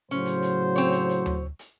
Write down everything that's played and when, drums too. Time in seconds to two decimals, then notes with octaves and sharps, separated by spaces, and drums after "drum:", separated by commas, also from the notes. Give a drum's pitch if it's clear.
0.11 A2 C#3 F#3 C#4 C5
0.26 drum: hi-hat
0.42 drum: hi-hat
0.76 C4 C#5
0.92 drum: hi-hat
1.09 drum: hi-hat
1.26 drum: tom D2
1.59 drum: hi-hat